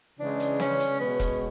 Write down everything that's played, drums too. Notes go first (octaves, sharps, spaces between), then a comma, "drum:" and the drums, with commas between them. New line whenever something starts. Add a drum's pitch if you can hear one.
C#3 E3 G#3 D4
drum: hi-hat
C#4, drum: snare
drum: hi-hat
B2 G#3 B3
drum: kick E1, hi-hat